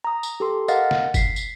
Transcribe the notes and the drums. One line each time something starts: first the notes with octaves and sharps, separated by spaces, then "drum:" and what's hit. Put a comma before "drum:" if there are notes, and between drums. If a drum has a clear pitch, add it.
A#5 D#6
drum: tambourine
G4 A4 C6
A#4 D#5 F5 F#5 F6 A6, drum: tambourine
drum: snare
B6 C7, drum: kick F#1, tambourine
drum: tambourine